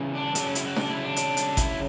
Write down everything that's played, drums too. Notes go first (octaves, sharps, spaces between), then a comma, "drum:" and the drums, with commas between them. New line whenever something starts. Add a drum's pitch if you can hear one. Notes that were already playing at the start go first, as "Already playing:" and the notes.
Already playing: C#3 E3
D4
C#3 F#3 D4, drum: hi-hat
C#4
E4, drum: hi-hat
F#4
D4, drum: snare D4
E4
D4
drum: hi-hat
drum: hi-hat
E4, drum: kick G#1, hi-hat